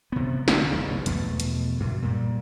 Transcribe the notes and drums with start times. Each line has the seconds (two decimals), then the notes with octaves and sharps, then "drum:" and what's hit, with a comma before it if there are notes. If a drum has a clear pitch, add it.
0.12 C3 B3
0.48 A1 D3 A#3 C4, drum: snare
0.70 F1 B1 F#2
1.06 E2 B2 F3 A3, drum: hi-hat
1.40 drum: hi-hat
1.80 F#2
2.02 A#2 G3